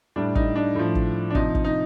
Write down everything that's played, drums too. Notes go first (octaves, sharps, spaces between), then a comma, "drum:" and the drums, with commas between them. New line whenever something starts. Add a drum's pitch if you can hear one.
A2 G3 D4
D#4, drum: kick
D4
A2 F3
drum: kick
D4
C3 F3 D#4, drum: kick
drum: kick
D#4